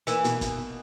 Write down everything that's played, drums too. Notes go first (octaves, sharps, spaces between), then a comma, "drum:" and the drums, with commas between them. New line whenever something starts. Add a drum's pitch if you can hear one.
E3 A#3, drum: hi-hat
B2, drum: hi-hat
drum: kick, hi-hat